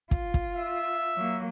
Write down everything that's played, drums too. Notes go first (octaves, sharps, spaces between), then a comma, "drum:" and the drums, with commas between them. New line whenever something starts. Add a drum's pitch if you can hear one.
F4, drum: kick
drum: kick
E5
F#3 A#3